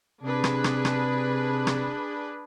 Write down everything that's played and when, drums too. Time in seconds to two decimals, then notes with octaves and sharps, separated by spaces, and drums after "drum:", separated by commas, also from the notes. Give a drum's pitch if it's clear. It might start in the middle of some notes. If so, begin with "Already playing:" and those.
0.23 C3 D4 G#4 B4
0.44 drum: rim click
0.64 drum: rim click
0.85 drum: rim click
1.67 drum: rim click